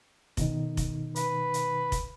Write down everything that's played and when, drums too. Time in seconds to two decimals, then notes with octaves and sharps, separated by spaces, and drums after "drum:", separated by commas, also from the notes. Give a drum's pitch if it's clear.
0.37 B2 D#3 D#4, drum: kick F1, hi-hat
0.77 drum: kick F1, hi-hat
1.16 B4, drum: hi-hat
1.54 drum: hi-hat
1.92 drum: kick F1, hi-hat